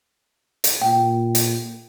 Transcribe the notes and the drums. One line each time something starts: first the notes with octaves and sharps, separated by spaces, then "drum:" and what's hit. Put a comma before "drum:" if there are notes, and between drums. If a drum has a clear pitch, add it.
drum: hi-hat
A#2 G5
drum: hi-hat